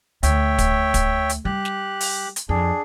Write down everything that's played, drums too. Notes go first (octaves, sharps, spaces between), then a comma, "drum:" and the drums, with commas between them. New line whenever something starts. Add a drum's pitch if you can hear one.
D2 C#5 E5 G5, drum: hi-hat
drum: kick, hi-hat
drum: kick, hi-hat
drum: hi-hat
G3 G4 F#6
drum: snare
drum: open hi-hat
drum: hi-hat
F2 D4 G#4